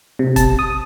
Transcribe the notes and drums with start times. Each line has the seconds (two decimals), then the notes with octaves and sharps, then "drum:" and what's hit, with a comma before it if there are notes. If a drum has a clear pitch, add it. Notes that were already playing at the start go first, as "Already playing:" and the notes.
0.19 C3
0.36 A5, drum: kick, hi-hat
0.59 D#6